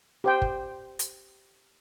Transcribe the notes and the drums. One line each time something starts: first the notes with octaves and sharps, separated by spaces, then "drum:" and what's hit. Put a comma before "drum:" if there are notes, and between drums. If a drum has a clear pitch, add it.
G4 C5 G5
drum: kick
drum: hi-hat